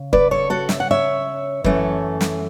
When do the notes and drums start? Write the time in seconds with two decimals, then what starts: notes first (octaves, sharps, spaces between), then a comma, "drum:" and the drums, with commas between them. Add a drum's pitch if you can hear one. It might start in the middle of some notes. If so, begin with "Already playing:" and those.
Already playing: C#3
0.13 B4 D5, drum: kick
0.31 A4 C#5
0.50 F#4 A4
0.69 E5, drum: snare
0.80 F#5
0.91 C#5 E5
1.64 F#2 E3 A3 C#4, drum: kick
2.21 drum: snare